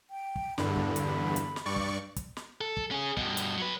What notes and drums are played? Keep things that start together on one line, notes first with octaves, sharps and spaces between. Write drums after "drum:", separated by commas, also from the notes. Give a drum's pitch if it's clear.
G5
drum: kick
E2 G2 D3 B5, drum: snare
drum: kick
drum: hi-hat
drum: hi-hat
drum: snare
G2 D5 C#6
drum: kick
drum: kick, hi-hat
drum: snare
A4
drum: kick
C#4 G#4
G2 B2, drum: kick
drum: hi-hat
F#3 B4